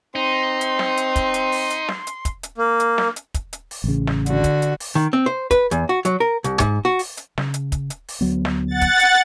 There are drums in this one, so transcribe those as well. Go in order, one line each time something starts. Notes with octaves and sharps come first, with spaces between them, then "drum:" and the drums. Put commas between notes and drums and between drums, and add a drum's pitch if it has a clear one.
C4 D#4 C6
drum: hi-hat
drum: snare
drum: hi-hat
drum: kick, hi-hat
drum: hi-hat
drum: open hi-hat
drum: hi-hat
drum: snare
drum: hi-hat
drum: kick, hi-hat
drum: hi-hat
A#3
drum: hi-hat
drum: snare
drum: hi-hat
drum: kick, hi-hat
drum: hi-hat
drum: open hi-hat
A1 C#3
drum: snare
D3 F#4, drum: hi-hat
drum: kick, hi-hat
drum: hi-hat
drum: open hi-hat
D#3
C4
C5
B4, drum: kick, hi-hat
E2, drum: hi-hat
F#4
F#3, drum: hi-hat
A#4
C2, drum: hi-hat
G#2, drum: kick, hi-hat
F#4
drum: open hi-hat
drum: hi-hat
C#3, drum: snare
drum: hi-hat
drum: kick, hi-hat
drum: hi-hat
drum: open hi-hat
D2 F#3 B3
drum: snare
F#5 A6
drum: kick, hi-hat
drum: hi-hat